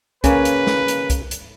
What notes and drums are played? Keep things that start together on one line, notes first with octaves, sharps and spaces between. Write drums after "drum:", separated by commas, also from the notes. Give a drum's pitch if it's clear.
C#3 A#3 C#4 B4, drum: kick C2, hi-hat
drum: hi-hat
drum: snare
drum: hi-hat
drum: kick C2, hi-hat
drum: hi-hat